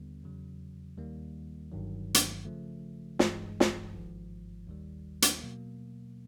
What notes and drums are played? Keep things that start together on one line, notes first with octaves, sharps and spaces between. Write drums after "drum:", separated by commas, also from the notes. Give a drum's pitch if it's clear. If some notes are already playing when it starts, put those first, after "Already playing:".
Already playing: D#2 D3 G3 B3
E2 C#3 F#3
D#2 D#3 G3 A#3
G1 G2 D#3 F#3
drum: hi-hat
C#3 F3 A3
G2 E3 G#3, drum: snare
drum: snare
G#1 G#2 F3
D#2 D#3 G3
drum: hi-hat
B2 F#3 A#3